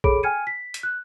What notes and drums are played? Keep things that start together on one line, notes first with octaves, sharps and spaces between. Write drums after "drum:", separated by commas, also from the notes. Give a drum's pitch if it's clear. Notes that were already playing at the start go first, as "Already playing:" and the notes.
G#4 A4 C#5 B5 D6 D7, drum: kick
G5 G#5 F6 G#6 C#7 D#7
B6
drum: hi-hat
F#6